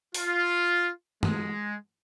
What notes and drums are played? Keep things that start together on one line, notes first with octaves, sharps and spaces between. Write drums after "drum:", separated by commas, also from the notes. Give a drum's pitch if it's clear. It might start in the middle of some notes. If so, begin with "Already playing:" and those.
F4, drum: open hi-hat
G#3, drum: tom